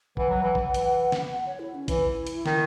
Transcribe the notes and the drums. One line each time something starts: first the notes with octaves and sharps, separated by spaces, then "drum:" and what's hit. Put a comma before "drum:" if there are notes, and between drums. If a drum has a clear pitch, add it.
E3 F#5, drum: kick
F#3
E3
drum: kick
E3, drum: hi-hat
drum: snare
C#5
E4
C#4
E3 E4, drum: kick, hi-hat
drum: hi-hat
D#3, drum: snare